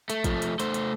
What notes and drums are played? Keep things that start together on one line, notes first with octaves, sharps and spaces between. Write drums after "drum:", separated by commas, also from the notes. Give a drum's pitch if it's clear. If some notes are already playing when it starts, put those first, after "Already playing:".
A3, drum: hi-hat
F3 A3, drum: kick, hi-hat
drum: hi-hat
A3 C5, drum: hi-hat
drum: hi-hat